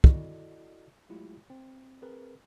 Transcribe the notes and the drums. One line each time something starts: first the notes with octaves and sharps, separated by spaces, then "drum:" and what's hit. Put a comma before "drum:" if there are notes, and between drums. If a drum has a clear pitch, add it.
E4 F#4 A4 D5 D#5, drum: kick
F#3 G#3 A3 E4 F4 G4
C4
C4 G#4 A#4 B4